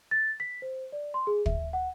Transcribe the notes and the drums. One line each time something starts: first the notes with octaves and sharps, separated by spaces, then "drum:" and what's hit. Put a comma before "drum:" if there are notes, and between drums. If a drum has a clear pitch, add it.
A6
B6
C5
D5
C6
G#4
E5, drum: kick
F#5